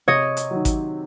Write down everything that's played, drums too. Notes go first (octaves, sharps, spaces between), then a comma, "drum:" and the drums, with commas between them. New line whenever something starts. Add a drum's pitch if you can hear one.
C3 C#5 D#5
drum: hi-hat
D#3 F#3
drum: kick G#1, hi-hat